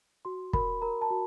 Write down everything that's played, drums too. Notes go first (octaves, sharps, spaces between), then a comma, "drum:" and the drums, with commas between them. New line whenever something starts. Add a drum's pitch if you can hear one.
F#4 C6
A#4 B5, drum: kick
A#4 A#5
A5
F#4